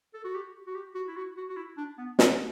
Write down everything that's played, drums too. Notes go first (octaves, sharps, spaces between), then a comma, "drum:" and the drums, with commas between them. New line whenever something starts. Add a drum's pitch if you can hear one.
A4
F#4
G4
F#4
G4
F#4
E4
F#4
F#4
F#4
E4
D4
B3
G3, drum: snare